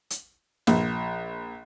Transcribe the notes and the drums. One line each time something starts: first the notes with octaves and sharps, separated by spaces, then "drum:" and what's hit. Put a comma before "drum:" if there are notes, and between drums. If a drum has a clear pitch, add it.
drum: hi-hat
A#1, drum: snare